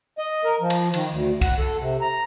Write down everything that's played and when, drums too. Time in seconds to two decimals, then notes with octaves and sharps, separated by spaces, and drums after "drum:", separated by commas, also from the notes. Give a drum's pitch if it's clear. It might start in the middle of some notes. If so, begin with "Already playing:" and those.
0.18 D#5
0.44 A#4
0.61 F3
0.70 drum: cymbal
0.94 D#3, drum: cymbal
1.12 D2
1.41 F#5, drum: kick C2, cymbal
1.58 A4
1.80 C3
2.01 A#5